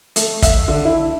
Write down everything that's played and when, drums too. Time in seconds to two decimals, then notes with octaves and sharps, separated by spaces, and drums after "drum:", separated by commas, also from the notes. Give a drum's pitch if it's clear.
0.16 A3, drum: hi-hat
0.42 E5, drum: kick, hi-hat
0.68 D3
0.85 E4